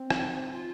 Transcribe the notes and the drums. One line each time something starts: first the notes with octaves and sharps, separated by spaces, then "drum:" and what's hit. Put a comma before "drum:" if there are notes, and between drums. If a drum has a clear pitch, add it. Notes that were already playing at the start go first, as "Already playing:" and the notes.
Already playing: C4
D#4, drum: rim click
F4